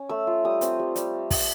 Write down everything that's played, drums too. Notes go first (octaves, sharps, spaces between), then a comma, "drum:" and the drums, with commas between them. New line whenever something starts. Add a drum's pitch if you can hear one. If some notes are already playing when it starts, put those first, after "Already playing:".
Already playing: C#4
A3 E6
F4
G3 D#6
C4, drum: hi-hat
G3
G3, drum: hi-hat
drum: kick, open hi-hat